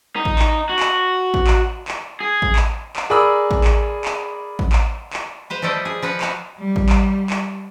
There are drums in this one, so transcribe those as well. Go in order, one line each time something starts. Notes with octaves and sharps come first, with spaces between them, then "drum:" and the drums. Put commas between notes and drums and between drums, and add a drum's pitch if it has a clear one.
D#4
drum: kick A1
drum: clap
F#4
drum: clap
drum: kick A1
drum: clap
drum: clap
G#4
drum: kick A1
drum: clap
drum: clap
G#4 A#4 D5 B5 D#6 E6
drum: kick A1
drum: clap
drum: clap
drum: kick A1
drum: clap
drum: clap
B4 C5 F5
F3 G3 A3 D5 D#5
G#4
F3 B4 F#5
F#4 F5, drum: clap
G3
drum: kick A1
drum: clap
drum: clap